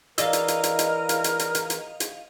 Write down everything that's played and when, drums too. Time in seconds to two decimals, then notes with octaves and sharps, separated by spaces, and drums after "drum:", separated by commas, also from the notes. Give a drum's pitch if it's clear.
0.18 E3 A#4 D5 D#5 F5 E6, drum: hi-hat
0.33 drum: hi-hat
0.48 drum: hi-hat
0.63 drum: hi-hat
0.79 drum: hi-hat
1.09 drum: hi-hat
1.24 drum: hi-hat
1.39 drum: hi-hat
1.55 drum: hi-hat
1.70 drum: hi-hat
2.00 drum: hi-hat